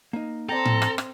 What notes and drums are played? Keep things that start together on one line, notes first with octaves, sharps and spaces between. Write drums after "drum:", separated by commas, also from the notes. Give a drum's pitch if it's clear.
A#3 D#4
C4 A4 D5 G5 A#5
drum: tom A2
drum: rim click
drum: rim click